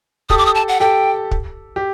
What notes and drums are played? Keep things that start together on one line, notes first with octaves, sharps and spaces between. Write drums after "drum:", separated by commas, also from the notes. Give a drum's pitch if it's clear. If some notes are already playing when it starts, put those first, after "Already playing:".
G4 A4 D#6, drum: kick
D6
D#6
A5
F#5
G4 A4 G5
drum: kick
G4